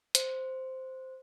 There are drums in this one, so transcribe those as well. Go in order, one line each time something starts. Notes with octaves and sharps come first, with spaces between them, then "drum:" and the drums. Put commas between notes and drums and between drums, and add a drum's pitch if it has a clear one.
C5, drum: hi-hat